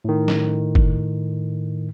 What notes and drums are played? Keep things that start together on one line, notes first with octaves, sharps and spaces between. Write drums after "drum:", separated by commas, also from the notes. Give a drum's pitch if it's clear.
A2 D#3
drum: snare
drum: kick G1